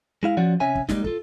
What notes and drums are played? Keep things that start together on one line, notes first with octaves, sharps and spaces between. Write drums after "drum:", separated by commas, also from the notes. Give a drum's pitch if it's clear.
G#3 E4 F5
F3 C#4 F#4 D5 F#5
C3 C#4 C#5 E5 G#5
drum: kick
G3 G#3 A#3 D#4, drum: snare
F4 A4, drum: kick